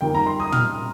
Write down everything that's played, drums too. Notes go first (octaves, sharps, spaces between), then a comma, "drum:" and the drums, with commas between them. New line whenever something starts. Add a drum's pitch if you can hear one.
F2 D#3 G3 A#3 G5
A#5
C6
D#6
F6, drum: tom